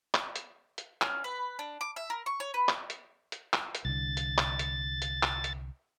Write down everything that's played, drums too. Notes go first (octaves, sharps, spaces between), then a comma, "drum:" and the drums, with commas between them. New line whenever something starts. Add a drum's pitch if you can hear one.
drum: clap
drum: hi-hat
drum: hi-hat
C#4, drum: clap
B4
D4
D6
E5
A#4
C#6
C#5
B4
drum: clap
drum: hi-hat
drum: hi-hat
drum: clap
drum: hi-hat
C2 D3 A6
drum: hi-hat
drum: clap
drum: hi-hat
drum: hi-hat
drum: clap
drum: hi-hat